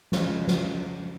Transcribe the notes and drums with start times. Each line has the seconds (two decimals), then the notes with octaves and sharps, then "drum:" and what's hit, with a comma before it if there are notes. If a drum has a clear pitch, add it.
0.12 F2 C#3 F3 G#3, drum: snare
0.48 drum: snare